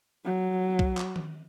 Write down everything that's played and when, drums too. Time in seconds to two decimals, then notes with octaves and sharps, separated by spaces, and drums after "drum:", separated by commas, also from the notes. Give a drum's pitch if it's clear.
0.24 F#3
0.79 drum: kick C2
0.97 drum: clap
1.16 drum: tom D#3